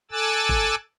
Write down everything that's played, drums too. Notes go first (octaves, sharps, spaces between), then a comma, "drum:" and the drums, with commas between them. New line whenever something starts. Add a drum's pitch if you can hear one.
A4 G#5 D6 E6 F#6 A6
drum: kick G1